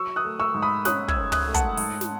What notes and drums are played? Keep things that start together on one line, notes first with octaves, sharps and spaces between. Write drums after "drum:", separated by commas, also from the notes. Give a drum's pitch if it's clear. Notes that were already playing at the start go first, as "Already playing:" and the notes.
Already playing: F#3 C#6 E6
D#6 F#6
A3
C#6 E6
G#2
B5 D#6
C#4 D#6 F#6, drum: snare
E6 G#6, drum: kick
C#4
D#6 F#6, drum: tom
A3
F#5 A5, drum: kick, hi-hat
G#2, drum: open hi-hat
drum: snare